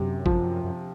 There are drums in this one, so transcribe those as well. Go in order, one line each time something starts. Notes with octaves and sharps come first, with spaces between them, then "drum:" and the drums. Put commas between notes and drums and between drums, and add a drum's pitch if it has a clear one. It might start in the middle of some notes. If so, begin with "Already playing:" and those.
Already playing: F#2 C3
F3, drum: kick G#1
F#2